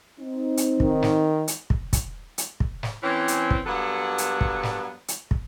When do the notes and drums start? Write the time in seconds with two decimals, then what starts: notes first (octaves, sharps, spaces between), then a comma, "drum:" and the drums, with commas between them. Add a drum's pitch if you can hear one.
0.19 C4 D#4
0.57 drum: hi-hat
0.80 D#3, drum: kick
1.03 drum: snare
1.48 drum: hi-hat
1.70 drum: kick
1.93 drum: kick, hi-hat
2.38 drum: hi-hat
2.60 drum: kick
2.83 drum: snare
3.03 E3 C4 C#4
3.28 drum: hi-hat
3.51 drum: kick
3.67 G2 F#3 A#3 B3 A4 F#5
4.18 drum: hi-hat
4.41 drum: kick
4.63 drum: snare
5.08 drum: hi-hat
5.31 drum: kick